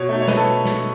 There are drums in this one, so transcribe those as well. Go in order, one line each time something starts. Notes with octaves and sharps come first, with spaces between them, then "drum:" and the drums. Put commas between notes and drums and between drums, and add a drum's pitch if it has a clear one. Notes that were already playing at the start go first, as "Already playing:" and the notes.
Already playing: B2 C#5
A3 D#4
C#5
B2 B4, drum: snare
A4
drum: snare